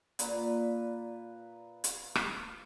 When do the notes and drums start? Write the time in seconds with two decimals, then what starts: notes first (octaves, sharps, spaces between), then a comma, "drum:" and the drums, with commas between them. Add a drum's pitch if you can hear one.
0.19 A#2 B4 D5 A#5, drum: hi-hat
1.84 drum: hi-hat
2.15 drum: rim click